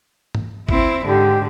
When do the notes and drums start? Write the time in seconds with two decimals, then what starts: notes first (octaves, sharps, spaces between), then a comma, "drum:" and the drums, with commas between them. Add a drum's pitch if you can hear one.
0.35 drum: tom G#2
0.69 C4 E4, drum: kick G#1
1.06 G#2 D3 G4